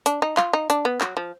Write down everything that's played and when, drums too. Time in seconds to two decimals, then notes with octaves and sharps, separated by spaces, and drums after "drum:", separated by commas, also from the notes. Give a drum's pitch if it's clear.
0.06 D4, drum: hi-hat
0.22 D#4
0.37 F4, drum: clap
0.53 D#4
0.70 D4, drum: hi-hat
0.85 B3
1.01 F#3, drum: clap
1.17 F3